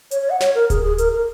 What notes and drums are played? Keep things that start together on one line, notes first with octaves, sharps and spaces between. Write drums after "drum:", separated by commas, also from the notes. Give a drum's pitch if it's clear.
C#5, drum: hi-hat
C#5
F#5
C#5, drum: snare
A#4
G#4, drum: kick D1, hi-hat
G#4
A#4, drum: hi-hat
A#4